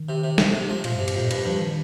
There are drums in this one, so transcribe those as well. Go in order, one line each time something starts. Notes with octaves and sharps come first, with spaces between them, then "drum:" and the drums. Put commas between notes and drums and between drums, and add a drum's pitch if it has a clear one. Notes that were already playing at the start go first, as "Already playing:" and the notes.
Already playing: D#3
C3
C3
C3, drum: snare
C3
F3
A#2 F3, drum: cymbal
G2
C3
G2, drum: cymbal
F2 A#2
G2, drum: cymbal
G2 F3
D#3